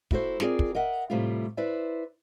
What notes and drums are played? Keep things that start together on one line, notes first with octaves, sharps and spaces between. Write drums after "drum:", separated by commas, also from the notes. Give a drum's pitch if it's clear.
A#3 E4 F#4 A4 C5, drum: kick
C4 F4 G#4 A#4 D5, drum: snare
drum: kick
A#4 D#5 E5 F#5
A2 C3 G3 A3 E4 F4
E4 B4 C5 D5 E5